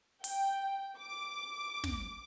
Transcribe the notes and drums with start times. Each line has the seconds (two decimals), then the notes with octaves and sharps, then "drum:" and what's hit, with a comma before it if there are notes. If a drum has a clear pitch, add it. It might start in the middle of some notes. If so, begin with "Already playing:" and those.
0.24 G5, drum: open hi-hat
0.97 D6
1.84 drum: snare